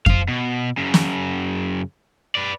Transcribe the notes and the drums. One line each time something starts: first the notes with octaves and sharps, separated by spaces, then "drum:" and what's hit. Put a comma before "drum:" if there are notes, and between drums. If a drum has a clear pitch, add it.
C5 F5, drum: kick F2
B2
F#2 C#3
drum: snare
B4 D5